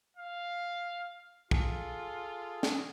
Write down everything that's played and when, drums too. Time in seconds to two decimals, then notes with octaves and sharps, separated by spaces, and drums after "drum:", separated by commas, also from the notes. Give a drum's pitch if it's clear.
0.17 F5
1.51 F4 G#4 A4, drum: kick
2.63 drum: snare